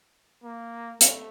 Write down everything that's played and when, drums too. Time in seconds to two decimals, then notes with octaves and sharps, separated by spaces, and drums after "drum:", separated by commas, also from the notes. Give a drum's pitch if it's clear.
0.44 A#3
1.01 A3, drum: hi-hat